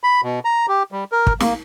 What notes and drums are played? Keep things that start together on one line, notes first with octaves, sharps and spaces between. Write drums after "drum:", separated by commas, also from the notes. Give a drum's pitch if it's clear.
B5
B2
A#5
G4
G3
A#4
drum: kick
A#3, drum: snare